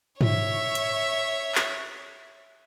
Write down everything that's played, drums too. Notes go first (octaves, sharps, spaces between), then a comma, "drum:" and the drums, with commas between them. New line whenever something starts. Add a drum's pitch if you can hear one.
C#5 E5, drum: tom G#2
drum: hi-hat
drum: clap